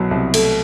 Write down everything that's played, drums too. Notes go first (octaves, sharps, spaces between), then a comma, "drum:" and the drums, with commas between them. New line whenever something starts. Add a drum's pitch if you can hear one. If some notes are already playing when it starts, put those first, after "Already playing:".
Already playing: C2 B2 F#3
C2
A3, drum: cymbal